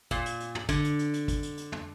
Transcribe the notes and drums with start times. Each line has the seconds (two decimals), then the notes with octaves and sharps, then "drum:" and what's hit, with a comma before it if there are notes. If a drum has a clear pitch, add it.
0.11 A#2, drum: kick, hi-hat
0.26 drum: hi-hat
0.40 drum: hi-hat
0.55 drum: tom
0.69 D3, drum: kick, hi-hat
0.84 drum: hi-hat
0.99 drum: hi-hat
1.13 drum: hi-hat
1.28 drum: kick, hi-hat
1.43 drum: hi-hat
1.57 drum: hi-hat
1.72 drum: tom